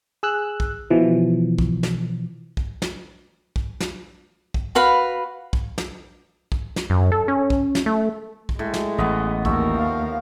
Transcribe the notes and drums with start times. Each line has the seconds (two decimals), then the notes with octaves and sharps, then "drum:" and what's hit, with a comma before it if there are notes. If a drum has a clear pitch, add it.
0.23 G#4 E6 F#6
0.60 drum: kick
0.90 B2 E3 F3
1.59 drum: kick
1.83 drum: snare
2.57 drum: kick
2.82 drum: snare
3.56 drum: kick
3.80 drum: snare
4.54 drum: kick
4.75 F#4 B4 F5 B5
5.53 drum: kick
5.78 drum: snare
6.52 drum: kick
6.76 drum: snare
6.90 F#2
7.12 A4
7.28 C#4
7.50 drum: kick
7.75 drum: snare
7.86 A3
8.49 drum: kick
8.59 A2 G#3
8.74 drum: snare
8.98 A1 B3 D#5
9.45 D#2 F3 A#4 E5 C#6, drum: kick
9.77 F5